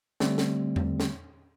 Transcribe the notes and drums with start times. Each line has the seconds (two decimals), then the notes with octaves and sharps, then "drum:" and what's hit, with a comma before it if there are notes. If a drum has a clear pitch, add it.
0.20 D3 G3 A3 C4, drum: snare
0.38 drum: snare
0.76 drum: tom E2
1.00 drum: snare